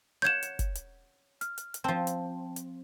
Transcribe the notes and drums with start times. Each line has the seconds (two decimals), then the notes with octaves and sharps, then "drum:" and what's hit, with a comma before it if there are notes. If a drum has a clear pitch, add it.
0.22 C#5 F#5 G6 G#6 E7
0.43 drum: hi-hat
0.59 drum: kick, hi-hat
0.75 drum: hi-hat
1.41 F6, drum: hi-hat
1.58 drum: hi-hat
1.74 drum: hi-hat
1.84 F3 C4 G5 A5
2.07 drum: hi-hat
2.56 drum: hi-hat